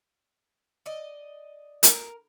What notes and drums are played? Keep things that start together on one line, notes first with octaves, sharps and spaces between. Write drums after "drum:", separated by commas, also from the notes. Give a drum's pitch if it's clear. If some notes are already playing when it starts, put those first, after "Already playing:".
D5 D#5
A#4, drum: hi-hat